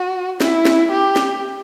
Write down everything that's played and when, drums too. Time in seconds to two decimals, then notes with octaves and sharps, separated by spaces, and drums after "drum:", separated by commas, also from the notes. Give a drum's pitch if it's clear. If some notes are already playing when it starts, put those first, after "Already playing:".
Already playing: F#4
0.40 E4, drum: snare
0.65 drum: snare
0.91 G4
1.16 drum: snare